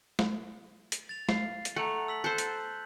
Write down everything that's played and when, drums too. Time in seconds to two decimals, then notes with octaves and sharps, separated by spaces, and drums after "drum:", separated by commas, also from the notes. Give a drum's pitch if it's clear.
0.19 drum: snare
0.92 drum: hi-hat
1.09 A6 F7
1.29 F5, drum: snare
1.65 drum: hi-hat
1.76 A3 F#5 A#5
2.08 E6 B6 F#7
2.24 A4 C5 F#6 G6
2.38 drum: hi-hat